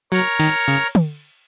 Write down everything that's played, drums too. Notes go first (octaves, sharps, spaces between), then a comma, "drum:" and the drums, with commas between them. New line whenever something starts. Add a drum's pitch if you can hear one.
F#3 A#4 C#5
D#3, drum: cymbal
C#3
drum: tom